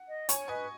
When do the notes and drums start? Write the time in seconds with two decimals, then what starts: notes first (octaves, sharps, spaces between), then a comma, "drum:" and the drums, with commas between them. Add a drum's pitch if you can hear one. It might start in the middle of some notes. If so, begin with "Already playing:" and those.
Already playing: F#5
0.08 D#5
0.29 C#5 G#5 C#6, drum: hi-hat
0.48 B4 D#5 G#5